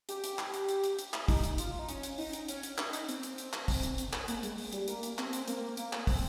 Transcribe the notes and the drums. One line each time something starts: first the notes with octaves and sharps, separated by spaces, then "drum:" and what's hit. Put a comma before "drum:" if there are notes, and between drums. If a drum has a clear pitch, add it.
G4, drum: hi-hat
drum: hi-hat
drum: clap
drum: hi-hat
drum: hi-hat
drum: hi-hat
drum: hi-hat
drum: clap
D#4, drum: kick, open hi-hat
drum: hi-hat
F4, drum: hi-hat
D#4
C#4, drum: hi-hat
drum: hi-hat
D#4, drum: open hi-hat
drum: hi-hat
C#4, drum: hi-hat
drum: hi-hat
D#4, drum: clap
drum: hi-hat
C4, drum: hi-hat
drum: hi-hat
drum: hi-hat
drum: clap
drum: kick, open hi-hat
drum: hi-hat
drum: hi-hat
drum: clap
A#3, drum: hi-hat
G#3, drum: hi-hat
drum: open hi-hat
G3, drum: hi-hat
A#3, drum: hi-hat
drum: hi-hat
C4, drum: clap
drum: hi-hat
A#3, drum: hi-hat
A#3, drum: hi-hat
drum: clap
C4, drum: kick, open hi-hat